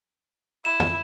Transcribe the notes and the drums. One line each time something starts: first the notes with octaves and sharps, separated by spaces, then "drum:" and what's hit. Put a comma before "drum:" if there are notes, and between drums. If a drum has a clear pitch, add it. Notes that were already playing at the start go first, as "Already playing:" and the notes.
E4 E7
drum: tom F2